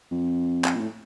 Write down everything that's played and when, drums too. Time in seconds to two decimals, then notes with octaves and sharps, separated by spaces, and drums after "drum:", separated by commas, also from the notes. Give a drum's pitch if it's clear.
0.11 F2
0.64 drum: clap
0.75 A#2
0.80 A2